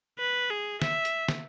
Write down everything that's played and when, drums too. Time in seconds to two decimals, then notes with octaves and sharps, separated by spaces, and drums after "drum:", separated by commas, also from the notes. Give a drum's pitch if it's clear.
0.19 B4
0.50 G#4
0.82 E5, drum: snare
1.05 drum: hi-hat
1.29 drum: snare